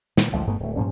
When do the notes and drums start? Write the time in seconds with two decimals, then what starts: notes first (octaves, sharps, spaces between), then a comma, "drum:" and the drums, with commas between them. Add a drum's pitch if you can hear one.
0.17 A#2 D#3 E3, drum: snare
0.32 A1 D2 F3 G#3
0.47 G1 G2 A3 B3
0.60 D1 A3
0.76 G2 A#2 F3 C#4